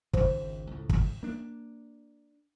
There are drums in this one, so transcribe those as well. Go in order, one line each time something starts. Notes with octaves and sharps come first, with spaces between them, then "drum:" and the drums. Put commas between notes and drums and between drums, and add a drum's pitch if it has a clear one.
G#1 C#2 G#2 C5, drum: kick
C#2 A2
drum: kick
A#3 D4